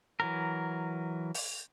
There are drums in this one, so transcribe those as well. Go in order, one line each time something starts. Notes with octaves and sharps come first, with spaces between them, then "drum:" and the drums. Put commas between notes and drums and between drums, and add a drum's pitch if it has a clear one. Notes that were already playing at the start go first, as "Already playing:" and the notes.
E3 F#3 A#4
drum: open hi-hat